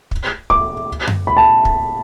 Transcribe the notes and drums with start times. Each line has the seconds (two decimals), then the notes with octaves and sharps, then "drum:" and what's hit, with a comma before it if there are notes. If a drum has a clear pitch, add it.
0.11 drum: kick
0.50 D6, drum: kick
1.07 drum: tom F#2
1.27 B5
1.37 A5
1.65 drum: kick